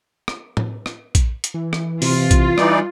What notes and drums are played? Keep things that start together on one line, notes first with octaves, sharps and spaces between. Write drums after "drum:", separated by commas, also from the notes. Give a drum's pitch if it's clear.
drum: rim click
drum: tom A2
drum: rim click
drum: kick A#1, hi-hat
drum: hi-hat
E3
drum: rim click
C3 F4, drum: open hi-hat
drum: kick A#1, hi-hat
E3 G3 D#4 D5, drum: rim click